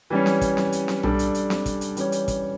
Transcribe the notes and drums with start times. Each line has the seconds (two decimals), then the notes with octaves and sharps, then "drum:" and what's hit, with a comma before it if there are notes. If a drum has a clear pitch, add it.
0.10 E3 G3 C#4
0.26 drum: snare C4
0.41 drum: kick, hi-hat
0.57 drum: snare C4
0.72 drum: hi-hat
0.88 drum: snare C4
1.03 G3 D4 A4, drum: tom B1
1.19 drum: hi-hat
1.35 drum: hi-hat
1.50 drum: snare C4
1.66 drum: kick, hi-hat
1.81 drum: hi-hat
1.97 E3 G3 C#4 G4 C#5, drum: hi-hat
2.12 drum: hi-hat
2.28 drum: kick, hi-hat